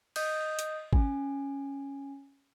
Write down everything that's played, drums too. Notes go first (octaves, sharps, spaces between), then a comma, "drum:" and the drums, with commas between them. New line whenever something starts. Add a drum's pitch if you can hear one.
D#5 D#6 G6, drum: cymbal
drum: hi-hat
C#4 G#5, drum: kick G#1